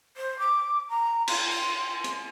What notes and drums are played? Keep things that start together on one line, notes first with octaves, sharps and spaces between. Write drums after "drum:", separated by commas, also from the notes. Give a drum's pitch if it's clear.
C5
D6
A#5
C6, drum: cymbal
drum: open hi-hat
drum: hi-hat